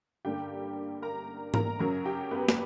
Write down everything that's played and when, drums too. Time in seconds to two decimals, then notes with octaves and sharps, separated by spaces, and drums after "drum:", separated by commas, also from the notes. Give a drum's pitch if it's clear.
0.25 G2 D3 G3 A#3 G4 G5
1.02 A#4 A#5
1.54 A#4 A#5, drum: tom G#2
1.79 F#2 C#3 F#3 A#4 A#5
2.05 G4 G5
2.31 B3 B4
2.49 B4, drum: snare